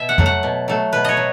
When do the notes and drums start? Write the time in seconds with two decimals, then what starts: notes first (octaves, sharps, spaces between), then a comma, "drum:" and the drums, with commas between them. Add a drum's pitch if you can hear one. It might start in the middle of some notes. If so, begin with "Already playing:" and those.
Already playing: B2 E5
0.09 F#5
0.18 F#3 A3, drum: tom F2
0.26 F#5
0.43 B2
0.68 F#3 A3
0.93 B2 B4
1.05 C#5 D#5
1.17 F#3